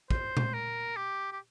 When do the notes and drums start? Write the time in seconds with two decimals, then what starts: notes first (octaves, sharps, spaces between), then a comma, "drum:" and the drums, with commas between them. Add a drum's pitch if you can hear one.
0.11 C5, drum: kick
0.37 drum: tom A#2
0.54 A#4
0.96 G4
1.32 G4